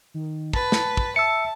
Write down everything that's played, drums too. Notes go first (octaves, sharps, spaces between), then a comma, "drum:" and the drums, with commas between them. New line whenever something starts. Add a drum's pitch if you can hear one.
D#3
B4 A5, drum: kick
drum: snare
drum: kick
E5 A5 E6 C#7